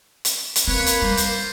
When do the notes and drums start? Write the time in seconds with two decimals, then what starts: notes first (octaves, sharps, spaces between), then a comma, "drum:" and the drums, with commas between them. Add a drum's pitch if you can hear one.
0.25 drum: hi-hat
0.56 drum: hi-hat
0.68 A#3 C4 B4 C#5
0.86 drum: hi-hat
1.02 G3 D#4 F4 C5
1.17 drum: hi-hat